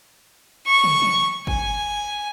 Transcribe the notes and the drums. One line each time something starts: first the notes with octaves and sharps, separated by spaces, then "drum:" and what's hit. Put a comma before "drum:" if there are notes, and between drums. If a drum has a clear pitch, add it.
C#6
drum: tom
drum: tom
G#5, drum: kick